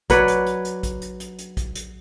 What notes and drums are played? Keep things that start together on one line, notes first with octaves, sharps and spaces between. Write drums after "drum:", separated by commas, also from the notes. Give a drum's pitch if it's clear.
F#3 B4 C#5 D5, drum: kick A1, hi-hat
drum: hi-hat
drum: hi-hat
drum: hi-hat
drum: kick A1, hi-hat
drum: hi-hat
drum: hi-hat
drum: hi-hat
drum: kick A1, hi-hat
drum: hi-hat